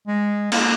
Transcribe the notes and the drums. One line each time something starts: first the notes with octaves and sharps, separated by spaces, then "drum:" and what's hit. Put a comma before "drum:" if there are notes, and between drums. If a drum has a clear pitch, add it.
G#3
A#3, drum: cymbal